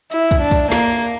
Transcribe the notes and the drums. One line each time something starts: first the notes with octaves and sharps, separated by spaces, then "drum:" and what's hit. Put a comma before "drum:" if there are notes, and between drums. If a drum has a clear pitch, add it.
E4, drum: hi-hat
drum: kick, hi-hat
D4
drum: kick, hi-hat
A#3, drum: snare
drum: hi-hat